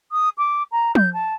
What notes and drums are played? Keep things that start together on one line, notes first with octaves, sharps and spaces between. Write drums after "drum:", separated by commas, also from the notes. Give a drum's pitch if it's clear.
D#6
D6
A#5
G6, drum: tom
A5